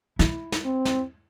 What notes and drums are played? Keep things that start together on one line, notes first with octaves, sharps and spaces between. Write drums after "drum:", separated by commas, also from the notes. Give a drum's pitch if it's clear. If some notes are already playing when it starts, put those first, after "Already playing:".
E4, drum: snare
drum: snare
C4
drum: snare